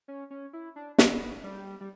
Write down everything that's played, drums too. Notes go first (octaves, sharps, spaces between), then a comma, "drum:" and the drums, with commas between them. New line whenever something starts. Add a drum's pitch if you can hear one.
C#4
C#4
E4
D4
B3, drum: snare
G3
G3